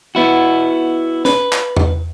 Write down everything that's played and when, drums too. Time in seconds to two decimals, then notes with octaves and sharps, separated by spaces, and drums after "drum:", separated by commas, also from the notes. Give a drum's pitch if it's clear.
0.15 B3 E4 F#4
1.25 B4, drum: snare
1.53 drum: clap
1.77 drum: tom E2